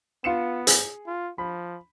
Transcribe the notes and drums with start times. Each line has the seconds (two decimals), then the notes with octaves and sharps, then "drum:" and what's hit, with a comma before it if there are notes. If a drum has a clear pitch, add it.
0.24 B3 F4 C#7 E7
0.67 G#4, drum: hi-hat
1.07 F4
1.38 F3 B5